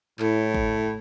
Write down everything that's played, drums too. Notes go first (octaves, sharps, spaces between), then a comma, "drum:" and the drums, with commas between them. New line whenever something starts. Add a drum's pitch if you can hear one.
A2, drum: clap
drum: kick